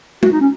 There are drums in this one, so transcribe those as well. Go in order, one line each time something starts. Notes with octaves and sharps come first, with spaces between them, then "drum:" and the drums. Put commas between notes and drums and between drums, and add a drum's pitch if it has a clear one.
F#4, drum: tom G#3
D#4
C#4